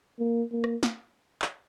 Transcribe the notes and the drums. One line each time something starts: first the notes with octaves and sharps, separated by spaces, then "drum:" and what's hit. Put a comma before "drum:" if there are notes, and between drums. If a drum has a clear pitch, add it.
A#3
A#3
drum: rim click
drum: snare
drum: clap